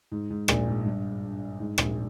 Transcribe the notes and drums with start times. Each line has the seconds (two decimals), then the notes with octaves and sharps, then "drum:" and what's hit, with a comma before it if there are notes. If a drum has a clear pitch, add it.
0.12 G#2
0.30 G#2
0.48 A#1 A#2, drum: rim click
0.67 G#2
0.85 G2
1.60 G#2
1.78 A#1 A#2, drum: rim click